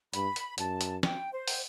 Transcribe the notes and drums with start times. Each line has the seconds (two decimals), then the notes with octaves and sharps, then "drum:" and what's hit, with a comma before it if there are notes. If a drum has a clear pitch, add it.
0.13 G2 B5, drum: hi-hat
0.36 drum: hi-hat
0.58 F#2 A5, drum: hi-hat
0.81 drum: hi-hat
1.03 G5, drum: snare
1.33 C5
1.48 drum: open hi-hat